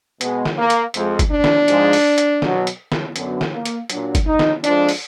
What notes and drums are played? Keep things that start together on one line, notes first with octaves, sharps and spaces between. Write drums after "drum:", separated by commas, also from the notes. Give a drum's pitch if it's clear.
B2 G#3 B3, drum: hi-hat
drum: snare
A#3
drum: hi-hat
F2 F3 G#3, drum: hi-hat
drum: kick F#1, hi-hat
D4
drum: snare
G#2 F3 G#3, drum: hi-hat
drum: open hi-hat
drum: hi-hat
B2 F#3, drum: snare
drum: hi-hat
drum: snare
F#2 D3 F#3 B3, drum: hi-hat
drum: snare
A#3
drum: hi-hat
A#2 F#3 D4, drum: hi-hat
drum: kick F#1, hi-hat
D#4
drum: snare
F2 F3 G#3 D4, drum: hi-hat
drum: open hi-hat